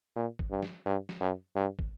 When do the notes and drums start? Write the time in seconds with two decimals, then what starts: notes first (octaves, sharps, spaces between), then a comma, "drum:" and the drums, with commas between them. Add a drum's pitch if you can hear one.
0.16 A#2
0.39 drum: kick
0.51 G2
0.63 drum: snare
0.86 G2
1.09 drum: snare
1.20 F#2
1.56 G2
1.79 drum: kick